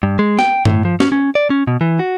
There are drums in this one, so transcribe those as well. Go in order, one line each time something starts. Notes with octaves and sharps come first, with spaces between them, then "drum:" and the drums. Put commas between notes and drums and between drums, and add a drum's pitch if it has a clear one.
G2
G#3
G5, drum: snare
A2, drum: tom G2
F3
C#4, drum: snare
C#4
D5
C#4
B2
E3
F#4